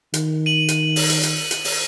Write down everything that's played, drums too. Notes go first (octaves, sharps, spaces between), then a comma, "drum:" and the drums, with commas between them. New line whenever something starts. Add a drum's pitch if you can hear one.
D#3, drum: hi-hat
D#7 F#7
drum: hi-hat
drum: open hi-hat
drum: hi-hat
drum: hi-hat
drum: hi-hat
drum: open hi-hat